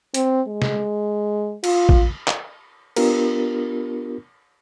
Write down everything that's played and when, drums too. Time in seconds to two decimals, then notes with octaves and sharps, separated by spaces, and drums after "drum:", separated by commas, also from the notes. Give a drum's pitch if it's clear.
0.14 C4, drum: hi-hat
0.48 G#3
0.62 drum: snare
1.64 F4, drum: cymbal
1.89 drum: kick
2.27 drum: clap
2.96 B3 D4 F4 G4 A#4, drum: cymbal